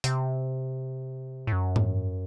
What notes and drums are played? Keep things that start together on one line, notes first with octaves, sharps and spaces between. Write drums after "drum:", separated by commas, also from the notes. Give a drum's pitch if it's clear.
C3, drum: hi-hat
A2
F#2
drum: tom G#2